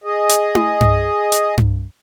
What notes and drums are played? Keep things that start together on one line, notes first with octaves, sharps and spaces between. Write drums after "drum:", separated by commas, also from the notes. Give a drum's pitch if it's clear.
G#4 D#5
drum: hi-hat
drum: tom E4
drum: tom G2
drum: hi-hat
drum: tom G2